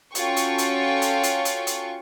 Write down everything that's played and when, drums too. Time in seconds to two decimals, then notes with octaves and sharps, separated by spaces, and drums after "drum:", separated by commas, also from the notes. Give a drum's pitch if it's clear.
0.15 C#4 F4 F#4 A4 G5 C#6, drum: hi-hat
0.37 drum: hi-hat
0.58 drum: hi-hat
1.02 drum: hi-hat
1.24 drum: hi-hat
1.45 drum: hi-hat
1.67 drum: hi-hat